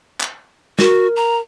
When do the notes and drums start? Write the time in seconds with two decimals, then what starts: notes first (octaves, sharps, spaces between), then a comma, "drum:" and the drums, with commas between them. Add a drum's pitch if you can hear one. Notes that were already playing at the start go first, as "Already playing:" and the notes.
0.20 drum: clap
0.79 F#4 A#4, drum: snare
1.16 A#5